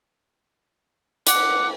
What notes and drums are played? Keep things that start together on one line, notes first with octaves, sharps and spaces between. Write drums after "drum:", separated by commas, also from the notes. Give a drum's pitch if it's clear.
F#5 D6, drum: hi-hat